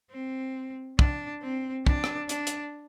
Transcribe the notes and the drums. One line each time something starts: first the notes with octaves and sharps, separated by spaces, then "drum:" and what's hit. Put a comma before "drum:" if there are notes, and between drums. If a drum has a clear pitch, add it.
C4
D4, drum: kick
C4
D4, drum: kick
drum: rim click
D4, drum: hi-hat
drum: hi-hat